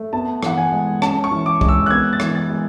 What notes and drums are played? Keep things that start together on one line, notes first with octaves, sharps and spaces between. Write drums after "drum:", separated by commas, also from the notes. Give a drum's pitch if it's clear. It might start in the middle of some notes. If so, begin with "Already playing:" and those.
Already playing: A3
B3 A5
E3 F#5, drum: rim click
G#5
G#3
C#4 A5, drum: rim click
C#6
E3
D6
G#3, drum: kick C2
E6
F#6
B3 G#6
A6
E3, drum: rim click
A6
G#3